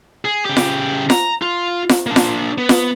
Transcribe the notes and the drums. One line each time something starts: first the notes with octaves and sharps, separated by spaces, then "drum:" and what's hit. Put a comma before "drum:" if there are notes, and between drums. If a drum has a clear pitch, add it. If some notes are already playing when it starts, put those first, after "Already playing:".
G#4
C#3 G4
drum: snare F4
A#5, drum: snare F4
F4
drum: snare F4
A#3 D4
drum: snare F4
B3
drum: snare F4